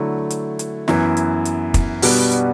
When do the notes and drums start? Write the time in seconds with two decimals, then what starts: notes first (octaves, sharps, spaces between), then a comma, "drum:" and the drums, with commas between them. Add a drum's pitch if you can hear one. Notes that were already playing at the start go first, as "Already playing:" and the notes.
Already playing: D3 F#3 A3 E4
0.30 drum: hi-hat
0.59 drum: hi-hat
0.88 F#2 E3 B3 E4, drum: snare
1.17 drum: hi-hat
1.45 drum: hi-hat
1.74 drum: kick, hi-hat
2.02 B2 G3 B3 D4 F#4, drum: open hi-hat
2.32 drum: hi-hat